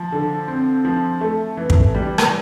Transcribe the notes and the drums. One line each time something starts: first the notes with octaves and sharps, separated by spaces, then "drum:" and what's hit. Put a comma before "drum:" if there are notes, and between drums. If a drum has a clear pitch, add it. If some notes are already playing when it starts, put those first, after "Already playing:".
Already playing: F3
D3
C4
F3
A3
E3
drum: kick
G3
drum: rim click